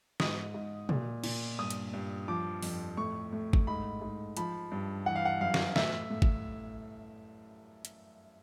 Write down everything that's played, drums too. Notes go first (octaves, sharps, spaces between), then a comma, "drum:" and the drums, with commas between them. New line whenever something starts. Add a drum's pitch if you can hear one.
G#2 D#6, drum: snare
G#2
A#2, drum: tom
A#2, drum: cymbal
G2 D#6
drum: hi-hat
G2
F3 D6
F2, drum: open hi-hat
A2 C#6
A2
drum: kick G1
G#2 B5
G#2
F3 B5, drum: hi-hat
G2
E3 F#5
F5
F#5
F#2 F5
drum: snare
A2 E5, drum: snare
A2
drum: kick G1
drum: hi-hat